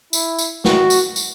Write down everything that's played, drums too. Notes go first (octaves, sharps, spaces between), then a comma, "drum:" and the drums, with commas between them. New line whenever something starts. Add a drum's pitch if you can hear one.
E4, drum: tambourine
drum: tambourine
F#4, drum: snare
drum: tambourine
drum: tambourine